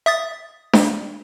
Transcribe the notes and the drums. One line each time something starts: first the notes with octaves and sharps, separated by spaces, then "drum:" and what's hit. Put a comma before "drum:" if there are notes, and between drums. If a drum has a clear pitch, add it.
E5 D#6 A6
drum: snare D4